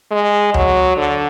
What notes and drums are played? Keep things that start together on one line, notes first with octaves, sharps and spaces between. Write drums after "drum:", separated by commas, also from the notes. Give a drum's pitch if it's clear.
G#3
F#3, drum: tom D2
D3